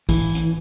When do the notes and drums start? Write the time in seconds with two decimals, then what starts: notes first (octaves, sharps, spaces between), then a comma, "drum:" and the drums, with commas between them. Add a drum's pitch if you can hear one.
0.09 E3, drum: kick, open hi-hat
0.35 drum: hi-hat